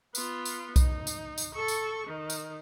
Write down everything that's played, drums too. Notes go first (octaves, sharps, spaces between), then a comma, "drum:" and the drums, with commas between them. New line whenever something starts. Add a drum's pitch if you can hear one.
B3 F4, drum: tambourine
drum: tambourine
D#4, drum: kick B1, tambourine
drum: tambourine
drum: tambourine
A4 C#6
drum: tambourine
D#3
drum: tambourine